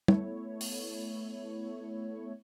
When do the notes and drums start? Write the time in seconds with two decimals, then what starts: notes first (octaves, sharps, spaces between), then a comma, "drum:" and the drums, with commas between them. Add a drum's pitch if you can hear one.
0.08 A3 B3 E4 C#5, drum: tom
0.61 drum: open hi-hat